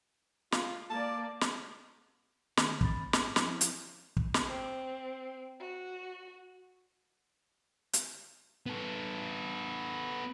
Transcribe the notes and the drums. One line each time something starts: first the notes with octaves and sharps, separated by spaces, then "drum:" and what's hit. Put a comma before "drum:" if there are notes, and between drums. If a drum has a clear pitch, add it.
F4, drum: snare
A#3 D5 A5
drum: snare
D3 D#3 A3 D4, drum: snare
C4 B5 A6, drum: kick
G#2 D6, drum: snare
F3 C4 E4, drum: snare
drum: hi-hat
drum: kick
drum: snare
C4
F#4
drum: hi-hat
B3 A4